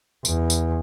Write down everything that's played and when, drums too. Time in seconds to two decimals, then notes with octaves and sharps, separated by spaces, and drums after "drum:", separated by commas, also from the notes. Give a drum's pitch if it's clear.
0.25 E2, drum: tambourine
0.50 drum: tambourine